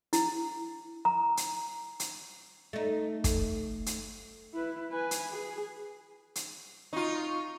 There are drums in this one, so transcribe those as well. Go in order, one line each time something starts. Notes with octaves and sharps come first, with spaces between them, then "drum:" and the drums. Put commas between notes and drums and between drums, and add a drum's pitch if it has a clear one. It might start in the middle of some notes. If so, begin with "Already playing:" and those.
E4, drum: hi-hat
A#5
drum: hi-hat
drum: hi-hat
A3 D#4
drum: kick, hi-hat
drum: hi-hat
E4 B4
B4 G#5
drum: hi-hat
G#4
drum: hi-hat
D#4 F4 C#6